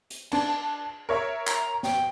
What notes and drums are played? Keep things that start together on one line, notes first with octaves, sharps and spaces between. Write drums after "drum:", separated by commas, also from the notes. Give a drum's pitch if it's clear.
drum: hi-hat
D4 A5, drum: cymbal
A#4 C#5 E5
A#5, drum: clap
G5, drum: snare